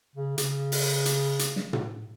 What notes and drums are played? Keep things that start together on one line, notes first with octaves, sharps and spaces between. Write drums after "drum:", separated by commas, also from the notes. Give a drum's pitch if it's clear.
C#3
C#3, drum: hi-hat
drum: open hi-hat
drum: hi-hat
drum: hi-hat
drum: snare
drum: tom